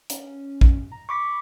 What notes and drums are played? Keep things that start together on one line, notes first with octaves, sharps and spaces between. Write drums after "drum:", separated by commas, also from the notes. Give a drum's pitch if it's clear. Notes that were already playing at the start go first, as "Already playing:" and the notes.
C#4, drum: hi-hat
drum: kick A#1
A#5
B5 C#6 D6 B6